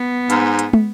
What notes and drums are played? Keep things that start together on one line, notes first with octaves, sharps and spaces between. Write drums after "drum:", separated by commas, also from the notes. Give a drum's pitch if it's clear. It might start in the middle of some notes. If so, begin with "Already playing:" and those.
Already playing: B3
G#2, drum: hi-hat
drum: hi-hat
drum: tom